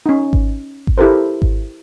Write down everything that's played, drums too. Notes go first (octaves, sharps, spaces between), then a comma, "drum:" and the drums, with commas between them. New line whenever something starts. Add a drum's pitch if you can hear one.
C#4 D#4
drum: kick G#1
drum: kick G#1
E4 G4 A4 A#4 C5
drum: kick G#1